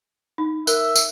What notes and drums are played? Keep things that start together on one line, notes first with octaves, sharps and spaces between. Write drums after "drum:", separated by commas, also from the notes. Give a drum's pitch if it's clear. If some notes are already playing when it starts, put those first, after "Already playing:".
D#4
A#4 E5, drum: tambourine
drum: tambourine